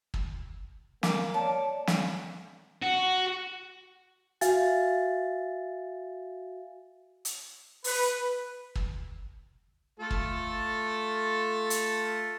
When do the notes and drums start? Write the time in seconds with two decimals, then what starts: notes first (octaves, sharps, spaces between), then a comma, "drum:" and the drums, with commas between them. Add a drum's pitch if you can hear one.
0.14 drum: kick
1.03 A#3 D6, drum: snare
1.34 C#5 D5 A5
1.87 drum: snare
2.83 F#4
4.41 F#4 E5 F5 G#5 A6, drum: hi-hat
7.25 drum: hi-hat
7.84 B4, drum: open hi-hat
8.75 drum: kick
10.00 A3 F4 A4
10.11 drum: kick
11.70 drum: hi-hat